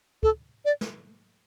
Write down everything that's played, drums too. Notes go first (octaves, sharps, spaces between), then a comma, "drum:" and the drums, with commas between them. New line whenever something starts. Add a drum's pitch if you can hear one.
A4, drum: kick
D5
drum: snare